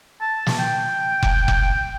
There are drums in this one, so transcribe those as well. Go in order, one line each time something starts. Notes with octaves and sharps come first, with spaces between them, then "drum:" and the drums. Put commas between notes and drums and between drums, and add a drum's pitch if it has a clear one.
A5
drum: snare
G5
drum: kick F1
drum: kick F1